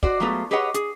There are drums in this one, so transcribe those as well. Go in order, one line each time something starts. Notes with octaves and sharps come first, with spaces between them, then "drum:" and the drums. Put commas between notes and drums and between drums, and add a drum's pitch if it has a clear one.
F#4 C5 D5, drum: kick
F#3 G#3 A3 B3 F4
G4 G#4 B4 C#5 D#5 F#5
G#4, drum: hi-hat